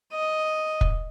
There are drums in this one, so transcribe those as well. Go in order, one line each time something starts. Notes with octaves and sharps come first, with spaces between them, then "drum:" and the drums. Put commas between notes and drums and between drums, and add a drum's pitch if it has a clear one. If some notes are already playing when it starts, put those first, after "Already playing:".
D#5
drum: kick